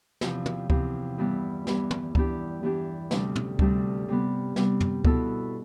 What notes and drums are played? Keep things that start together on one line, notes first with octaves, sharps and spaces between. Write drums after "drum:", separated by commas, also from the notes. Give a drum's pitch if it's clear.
E2 C3 F3, drum: snare
drum: tom
E2 C3 F3, drum: kick C#2
G2 E3 G3 B3
G2 E3 G3 B3, drum: snare
drum: tom
E3 B3 D4 G4, drum: kick C#2
E3 B3 D4 G4
D2 C3 G3 D4, drum: snare
drum: tom
D2 C3 G3 D4, drum: kick C#2
C3 G3 B3
C3 G3 B3, drum: snare
drum: tom
B2 B3 E4 A4, drum: kick C#2